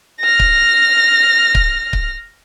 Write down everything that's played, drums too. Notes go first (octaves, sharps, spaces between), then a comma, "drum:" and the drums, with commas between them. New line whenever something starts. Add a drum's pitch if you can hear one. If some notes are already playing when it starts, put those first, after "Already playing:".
F6 A#6
drum: kick C#1
drum: kick C#1
drum: kick C#1